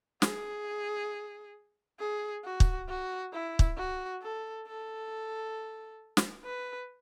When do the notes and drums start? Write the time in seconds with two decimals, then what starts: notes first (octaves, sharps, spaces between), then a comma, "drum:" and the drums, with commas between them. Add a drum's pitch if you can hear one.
0.22 G#4, drum: snare
2.00 G#4
2.45 F#4
2.60 drum: kick
2.89 F#4
3.33 E4
3.59 drum: kick
3.78 F#4
4.22 A4
4.67 A4
6.17 drum: snare
6.45 B4